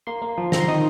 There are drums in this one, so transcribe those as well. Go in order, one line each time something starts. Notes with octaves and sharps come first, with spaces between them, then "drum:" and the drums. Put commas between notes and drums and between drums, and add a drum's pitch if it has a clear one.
A#3 C6
A#3
F3
C4 A#5, drum: snare
C6
D#3 D#6